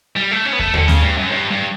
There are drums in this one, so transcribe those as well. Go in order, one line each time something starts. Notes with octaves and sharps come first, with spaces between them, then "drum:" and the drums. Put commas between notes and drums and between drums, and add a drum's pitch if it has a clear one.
G3
A3
C#4
B3
A3, drum: kick E2
D3, drum: tom D#2
C#3, drum: snare A3
G2
F#2
G2
G2